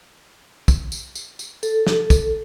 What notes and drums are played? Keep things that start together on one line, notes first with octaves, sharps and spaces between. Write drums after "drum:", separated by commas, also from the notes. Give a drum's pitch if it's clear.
drum: kick, tambourine
drum: tambourine
drum: tambourine
drum: tambourine
A4, drum: tambourine
drum: snare
drum: kick, tambourine